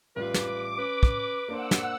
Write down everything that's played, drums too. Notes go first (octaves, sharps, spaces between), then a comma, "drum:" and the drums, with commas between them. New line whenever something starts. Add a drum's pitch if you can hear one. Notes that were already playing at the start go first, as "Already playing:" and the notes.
A1 G3 F4 B4 D6
drum: snare
C#4 B4
drum: kick
A#3 D4 C5 F#5 E6
drum: snare